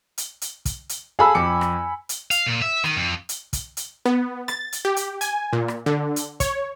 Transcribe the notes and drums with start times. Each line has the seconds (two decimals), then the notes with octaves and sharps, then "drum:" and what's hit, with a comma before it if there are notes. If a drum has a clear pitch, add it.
0.18 drum: hi-hat
0.42 drum: hi-hat
0.65 drum: kick, hi-hat
0.89 drum: hi-hat
1.19 G#4 A4 F5 G#5 B5 E6
1.35 F2 D6 C#7
1.61 drum: rim click
2.09 drum: hi-hat
2.31 F5, drum: hi-hat
2.46 A#2
2.62 E5
2.84 D#3, drum: rim click
2.97 F2
3.29 drum: hi-hat
3.53 drum: kick, hi-hat
3.77 drum: hi-hat
4.05 B3
4.48 A6, drum: rim click
4.73 drum: hi-hat
4.85 G4
4.96 drum: hi-hat
5.21 G#5, drum: hi-hat
5.53 A#2
5.68 drum: rim click
5.86 D3
6.16 drum: hi-hat
6.40 C#5, drum: kick, hi-hat